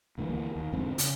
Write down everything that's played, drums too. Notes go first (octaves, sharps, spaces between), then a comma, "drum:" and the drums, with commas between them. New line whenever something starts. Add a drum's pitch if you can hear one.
D#2 D3 E3 A3
D2 E3 A#3
D#2
E2 G#2 D3 C4
C#3, drum: hi-hat